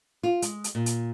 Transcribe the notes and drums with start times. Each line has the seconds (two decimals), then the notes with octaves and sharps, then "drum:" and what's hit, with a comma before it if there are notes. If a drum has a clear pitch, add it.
0.23 F4
0.42 G#3, drum: hi-hat
0.64 drum: hi-hat
0.75 A#2
0.86 drum: hi-hat